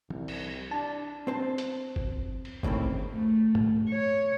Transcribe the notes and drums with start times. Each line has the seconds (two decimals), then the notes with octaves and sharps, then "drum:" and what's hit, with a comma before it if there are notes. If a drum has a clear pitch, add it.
0.10 C2, drum: tom
0.28 drum: cymbal
0.71 D4 A5
1.27 C4 C5 A5
1.58 drum: hi-hat
1.96 drum: kick G1
2.45 drum: cymbal
2.63 D#2 A2 C#3 A#3 C4, drum: kick G1
3.11 A3
3.55 drum: tom
3.90 C#5